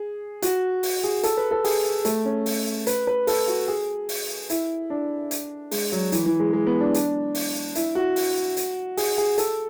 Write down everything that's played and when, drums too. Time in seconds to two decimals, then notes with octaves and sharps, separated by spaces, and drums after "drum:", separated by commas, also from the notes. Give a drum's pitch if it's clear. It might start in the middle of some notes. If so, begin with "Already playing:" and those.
Already playing: G#4
0.42 F#4, drum: hi-hat
0.83 drum: open hi-hat
1.04 G#4
1.23 A4, drum: hi-hat
1.37 B4
1.51 A4
1.64 G#4, drum: open hi-hat
2.05 A3, drum: hi-hat
2.25 C#4
2.46 drum: open hi-hat
2.87 B4, drum: hi-hat
3.07 B4
3.27 A4, drum: open hi-hat
3.48 F#4
3.68 G#4
4.09 drum: open hi-hat
4.50 E4, drum: hi-hat
4.90 D4
5.31 drum: hi-hat
5.71 G#3, drum: open hi-hat
5.92 F#3
6.12 E3, drum: hi-hat
6.26 E3
6.40 G#3
6.53 G#3
6.67 B3
6.80 D4
6.94 D4, drum: hi-hat
7.35 drum: open hi-hat
7.75 E4, drum: hi-hat
7.95 F#4
8.16 drum: open hi-hat
8.57 drum: hi-hat
8.97 G#4, drum: open hi-hat
9.18 G#4
9.38 A4, drum: hi-hat